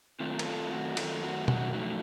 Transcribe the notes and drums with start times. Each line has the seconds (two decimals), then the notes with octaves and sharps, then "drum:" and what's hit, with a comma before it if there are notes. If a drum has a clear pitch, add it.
0.20 F#2 D#3 A3 C4 F4 A4
0.39 A#4, drum: cymbal
0.46 F4 A4
0.71 F#4
0.97 F#2 D#3 A3 C4 F4 A4, drum: cymbal
1.22 F#4
1.48 F#4, drum: tom B2
1.73 F#2 F3 A3 D#4 F#4